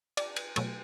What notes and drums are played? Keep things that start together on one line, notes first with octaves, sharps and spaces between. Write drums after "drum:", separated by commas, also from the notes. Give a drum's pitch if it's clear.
D5, drum: cymbal
drum: cymbal
B2 F#3 A3, drum: cymbal